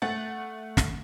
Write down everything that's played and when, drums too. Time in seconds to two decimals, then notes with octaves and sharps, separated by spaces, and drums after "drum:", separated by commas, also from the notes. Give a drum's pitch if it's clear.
0.02 A3 F#5 A6
0.77 drum: snare